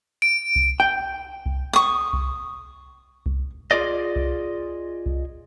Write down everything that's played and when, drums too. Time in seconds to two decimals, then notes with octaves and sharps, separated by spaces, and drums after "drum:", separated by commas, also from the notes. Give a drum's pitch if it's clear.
0.22 D7
0.56 drum: kick C2
0.80 G5
1.46 drum: kick C2
1.73 C#6 D#6
2.13 drum: kick C2
3.26 drum: kick C2
3.71 F4 G4 G#4 D5 D#5
4.16 drum: kick C2
5.06 drum: kick C2